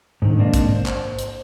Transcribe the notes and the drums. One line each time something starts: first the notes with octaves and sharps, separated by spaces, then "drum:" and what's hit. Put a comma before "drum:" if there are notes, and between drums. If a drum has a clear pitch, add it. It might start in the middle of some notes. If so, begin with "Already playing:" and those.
G#2 D3 D#3
G#2 C3 A#3 D4 D#5 F5
drum: kick, hi-hat
C5
drum: clap
drum: hi-hat